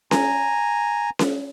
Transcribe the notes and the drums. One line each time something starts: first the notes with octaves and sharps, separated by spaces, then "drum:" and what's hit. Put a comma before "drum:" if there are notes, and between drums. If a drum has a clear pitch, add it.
G#5 A#5, drum: snare C#4
drum: snare C#4